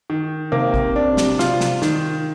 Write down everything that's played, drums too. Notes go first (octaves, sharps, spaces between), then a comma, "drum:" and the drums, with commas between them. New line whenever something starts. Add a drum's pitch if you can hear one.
D#3
C3 A#3
drum: kick A1
D4
drum: snare
F4, drum: snare
drum: snare
D#3, drum: snare